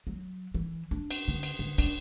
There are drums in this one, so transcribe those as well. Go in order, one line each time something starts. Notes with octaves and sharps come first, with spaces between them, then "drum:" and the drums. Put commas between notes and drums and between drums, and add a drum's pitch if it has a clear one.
F#3
E3
D4
drum: cymbal
D3
drum: cymbal
D3
D4, drum: cymbal